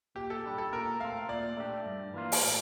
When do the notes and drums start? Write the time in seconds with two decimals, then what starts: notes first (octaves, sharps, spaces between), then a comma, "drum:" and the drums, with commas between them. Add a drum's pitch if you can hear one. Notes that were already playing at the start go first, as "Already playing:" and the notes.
0.16 A#2 G4
0.30 A4
0.44 G3 D4 G4
0.58 A4
0.73 A#2 A#4
1.00 A3 C4 F5
1.29 A#2 D5
1.57 A3 D4 G4
1.86 G2
2.14 E3 A#3 F4
2.32 drum: open hi-hat
2.42 A2